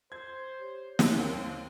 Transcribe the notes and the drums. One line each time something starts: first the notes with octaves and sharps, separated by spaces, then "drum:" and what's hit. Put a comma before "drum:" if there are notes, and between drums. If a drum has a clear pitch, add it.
C5 G#6
G4 C#5
drum: snare
D#2 A#3 C4